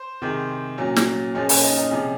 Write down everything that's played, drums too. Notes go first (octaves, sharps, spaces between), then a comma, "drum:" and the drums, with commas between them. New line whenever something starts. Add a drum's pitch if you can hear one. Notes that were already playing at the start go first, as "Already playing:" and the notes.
Already playing: C5
C3 D#3 G#3
A#2 F#3 C#4
drum: snare
A#2 F3 G#3 C#4
C#4, drum: open hi-hat
D#4
D#4
C3 F3 G#3 C#4